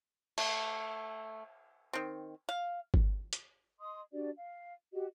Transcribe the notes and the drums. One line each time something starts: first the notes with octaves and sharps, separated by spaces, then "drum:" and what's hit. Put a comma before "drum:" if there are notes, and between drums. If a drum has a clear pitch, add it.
A3, drum: cymbal
D#3 C4
F5
drum: kick G1
drum: hi-hat
D#5 C6 D#6
D4 F#4 G4 D5
F5
F#4 G4 D#5